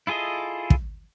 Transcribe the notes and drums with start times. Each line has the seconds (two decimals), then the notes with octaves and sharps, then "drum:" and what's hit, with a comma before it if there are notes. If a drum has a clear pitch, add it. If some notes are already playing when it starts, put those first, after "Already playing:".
0.07 E4 F4 G#4 A4 D#5
0.70 drum: kick